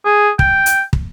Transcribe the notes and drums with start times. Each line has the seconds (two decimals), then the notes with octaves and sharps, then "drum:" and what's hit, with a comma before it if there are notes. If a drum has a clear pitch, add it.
0.05 G#4
0.39 G5, drum: kick
0.66 drum: hi-hat
0.93 drum: kick